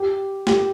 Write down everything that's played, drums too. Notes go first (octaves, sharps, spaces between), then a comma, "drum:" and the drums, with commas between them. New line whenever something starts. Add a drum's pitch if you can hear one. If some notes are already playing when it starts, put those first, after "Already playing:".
Already playing: G4
G4, drum: snare